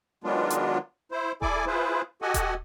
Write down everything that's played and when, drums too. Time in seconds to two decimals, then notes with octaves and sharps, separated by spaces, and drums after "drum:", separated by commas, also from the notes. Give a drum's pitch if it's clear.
0.24 D#3 F#3 G#3 B3 D4 F4
0.50 drum: hi-hat
1.12 E4 C5
1.42 E4 G#4 A4 D5 G#5 D6, drum: kick D#1
1.67 E4 F4 G#4 B4 C5
2.22 F#4 G4 A4 D#5 F#5 G#5
2.34 drum: kick D#1, hi-hat